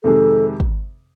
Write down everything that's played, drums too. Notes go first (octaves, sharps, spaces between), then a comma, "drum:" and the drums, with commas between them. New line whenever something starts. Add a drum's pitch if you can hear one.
F2 C3 D#3 G#3 A4
drum: kick